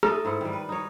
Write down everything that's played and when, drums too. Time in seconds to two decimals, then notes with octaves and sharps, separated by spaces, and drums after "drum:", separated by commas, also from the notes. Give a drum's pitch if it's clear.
0.03 A3 D#4 A4 A#4, drum: rim click
0.25 G#2 E4 F#5
0.41 D#3 G3
0.53 B4
0.69 D#4 C#5